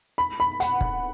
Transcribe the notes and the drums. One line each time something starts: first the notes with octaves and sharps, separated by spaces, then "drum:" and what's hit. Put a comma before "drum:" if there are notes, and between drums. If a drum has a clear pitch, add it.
B5
B5
F#5, drum: hi-hat
drum: kick